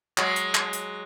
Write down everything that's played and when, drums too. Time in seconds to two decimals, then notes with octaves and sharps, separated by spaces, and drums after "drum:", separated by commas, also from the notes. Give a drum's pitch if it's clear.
0.18 F#3 G#3, drum: clap
0.36 drum: hi-hat
0.55 drum: clap
0.73 drum: hi-hat